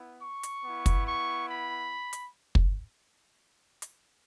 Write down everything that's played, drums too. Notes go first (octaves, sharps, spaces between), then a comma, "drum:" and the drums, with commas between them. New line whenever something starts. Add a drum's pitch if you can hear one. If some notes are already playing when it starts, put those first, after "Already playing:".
Already playing: B3 E4
C#6
drum: hi-hat
B3 E4
drum: kick, hi-hat
C#6
B5
drum: hi-hat
drum: kick
drum: hi-hat